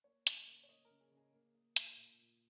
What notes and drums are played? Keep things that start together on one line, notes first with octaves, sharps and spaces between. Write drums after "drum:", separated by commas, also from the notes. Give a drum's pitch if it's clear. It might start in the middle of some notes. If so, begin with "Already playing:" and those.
A#3 C#5
C#3, drum: hi-hat
A#3
C#5
A#3 D#5
A#4
C#3
G#4
C#3
G#4
A#3
A#3
A#2, drum: hi-hat
A#2
A#2